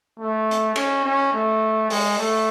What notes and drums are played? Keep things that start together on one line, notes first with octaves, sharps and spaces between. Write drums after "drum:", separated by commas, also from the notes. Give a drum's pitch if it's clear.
A3
drum: hi-hat
C#4, drum: cymbal
C#4
A3
G#3, drum: open hi-hat
A3